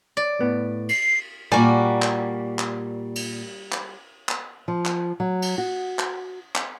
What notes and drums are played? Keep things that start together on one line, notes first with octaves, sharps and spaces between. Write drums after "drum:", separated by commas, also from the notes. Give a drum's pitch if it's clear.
D5
A2 B3
C7, drum: cymbal
A#2 G3 A#3 F#4 D5 G#5
drum: clap
drum: clap
drum: cymbal
drum: clap
drum: clap
F3
drum: clap
F#3
drum: cymbal
F#4
drum: clap
drum: clap